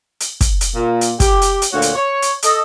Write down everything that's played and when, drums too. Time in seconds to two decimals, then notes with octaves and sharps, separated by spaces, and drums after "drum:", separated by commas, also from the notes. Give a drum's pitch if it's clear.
0.20 drum: hi-hat
0.41 drum: kick, hi-hat
0.61 drum: hi-hat
0.75 A#2
1.01 drum: hi-hat
1.20 G4, drum: kick, hi-hat
1.42 drum: hi-hat
1.62 drum: hi-hat
1.72 D2 A#2 F#4 C#5
1.82 drum: hi-hat
1.94 C#5
2.22 drum: hi-hat
2.42 A4 D#5, drum: hi-hat